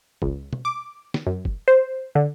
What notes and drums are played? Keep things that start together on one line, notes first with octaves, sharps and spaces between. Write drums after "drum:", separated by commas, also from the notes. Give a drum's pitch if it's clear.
C#2, drum: kick
drum: tom
D6
drum: snare
F#2
drum: kick
C5
D3